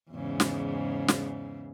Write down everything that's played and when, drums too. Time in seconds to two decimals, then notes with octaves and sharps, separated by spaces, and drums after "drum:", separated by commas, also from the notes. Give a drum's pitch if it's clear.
0.12 E2 G#2 C#3
0.40 drum: snare
1.08 drum: snare